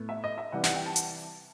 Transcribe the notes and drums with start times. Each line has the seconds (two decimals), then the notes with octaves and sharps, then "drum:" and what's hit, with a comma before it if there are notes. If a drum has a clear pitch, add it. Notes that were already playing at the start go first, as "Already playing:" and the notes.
Already playing: A2 B3
0.09 E5
0.24 D#5
0.38 E5
0.52 C3 E3 G3 F#5
0.64 F#5, drum: snare
0.75 G5
0.86 A5
0.96 drum: hi-hat